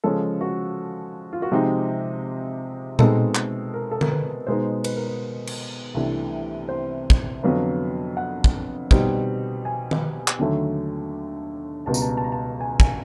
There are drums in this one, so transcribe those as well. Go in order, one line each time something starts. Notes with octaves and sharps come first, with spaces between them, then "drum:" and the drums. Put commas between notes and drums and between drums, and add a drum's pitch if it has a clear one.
C#3 F3 G#3 C#4 A4
F#4
F4
F#4
C3 F3 G#3 C4 D#4 G4
B2 G#3 C4 D#4 A4, drum: tom A#2
drum: clap
A#4
A4
A#4, drum: tom
B4
B2 G#3 B3 D#4 C5
B4, drum: cymbal
A#4
B4
drum: cymbal
C2 C3 E3 A3 D4
C5
drum: kick
F2 D3 F#3 B3 F5
F#5
drum: kick
B2 G3 C4 D#4, drum: kick
G#5
drum: tom
drum: clap
D#2 D3 F#3 A3
C#2 B2 G3 B3 A5
A#5, drum: tambourine
A5
A#5
A5
A#5
A5
G#5
G#5, drum: kick